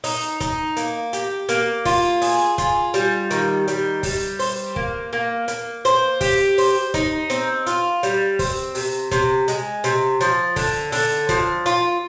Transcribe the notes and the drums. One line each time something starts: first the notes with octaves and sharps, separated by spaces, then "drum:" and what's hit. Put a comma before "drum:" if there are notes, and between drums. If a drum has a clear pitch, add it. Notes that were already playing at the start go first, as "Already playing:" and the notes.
D#4, drum: open hi-hat
D#4, drum: kick, hi-hat
A#3, drum: hi-hat
G4, drum: hi-hat
A#3, drum: hi-hat
F4, drum: kick, open hi-hat
G#4, drum: open hi-hat
F4, drum: kick, hi-hat
G3, drum: hi-hat
D#3, drum: hi-hat
G3, drum: hi-hat
G3, drum: kick, open hi-hat
C5, drum: open hi-hat
A#3, drum: kick
A#3
A#3, drum: hi-hat
C5, drum: hi-hat
G4, drum: kick, open hi-hat
C5, drum: open hi-hat
D#4, drum: kick, hi-hat
C4, drum: hi-hat
F4, drum: hi-hat
G3, drum: hi-hat
C4, drum: kick, open hi-hat
C3, drum: open hi-hat
C3, drum: kick, hi-hat
G#3, drum: hi-hat
C3, drum: hi-hat
F3, drum: hi-hat
D3, drum: kick, open hi-hat
D3, drum: open hi-hat
F3, drum: kick, hi-hat
F4, drum: hi-hat